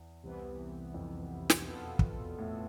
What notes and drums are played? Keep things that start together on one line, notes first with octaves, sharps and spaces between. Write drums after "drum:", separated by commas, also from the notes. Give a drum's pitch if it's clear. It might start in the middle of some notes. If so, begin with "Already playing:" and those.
Already playing: E2
C2 C3 E3 B3
F2
drum: snare
E2 B2 B3 F4 A4
drum: kick
A2